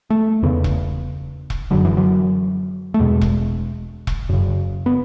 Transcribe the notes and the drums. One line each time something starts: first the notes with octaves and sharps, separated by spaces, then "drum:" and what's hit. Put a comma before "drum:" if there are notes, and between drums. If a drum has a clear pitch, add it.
A3
E2 C#3 B3
drum: kick E1
drum: kick E1
F#2 D3 F#3
E3
F#3
A3
E2 B2 G#3
drum: kick E1
drum: kick E1
F#2 C#3
B3